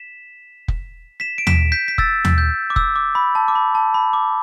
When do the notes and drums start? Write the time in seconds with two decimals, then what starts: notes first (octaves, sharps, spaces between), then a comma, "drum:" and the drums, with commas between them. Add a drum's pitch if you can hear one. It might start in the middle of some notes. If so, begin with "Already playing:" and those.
Already playing: B6 E7
0.68 drum: kick F1
1.20 B6 E7
1.38 D7
1.47 B6 E7, drum: tom D#2
1.72 G6 B6
1.88 B6
1.98 E6 A6, drum: kick F1
2.25 drum: tom D#2
2.38 G6
2.70 D6
2.76 E6, drum: kick F1
2.96 D6
3.15 B5
3.35 A5
3.48 D6
3.55 B5
3.75 A5
3.94 B5
4.13 D6